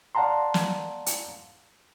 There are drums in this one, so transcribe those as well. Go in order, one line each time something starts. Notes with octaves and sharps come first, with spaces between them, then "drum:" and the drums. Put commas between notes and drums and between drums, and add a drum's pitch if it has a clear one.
D5 F5 F#5 A5 A#5 C6
drum: snare
drum: hi-hat